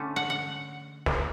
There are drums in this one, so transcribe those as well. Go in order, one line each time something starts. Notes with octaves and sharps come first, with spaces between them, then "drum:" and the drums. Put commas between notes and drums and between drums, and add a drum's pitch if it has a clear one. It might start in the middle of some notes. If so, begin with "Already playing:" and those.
Already playing: D3 A3 C#4
F#5
F#5
drum: snare